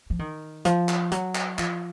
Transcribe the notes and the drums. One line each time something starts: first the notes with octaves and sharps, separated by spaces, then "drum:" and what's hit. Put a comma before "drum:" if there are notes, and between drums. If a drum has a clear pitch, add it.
F3
D#3
F3, drum: hi-hat
drum: clap
F#3, drum: hi-hat
drum: clap
F3, drum: clap